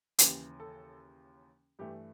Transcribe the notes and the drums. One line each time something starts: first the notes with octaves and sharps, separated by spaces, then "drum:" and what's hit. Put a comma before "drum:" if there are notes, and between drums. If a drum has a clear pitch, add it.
D#2 C#3 E3 G4, drum: hi-hat
A4
G2 E3 A3 G4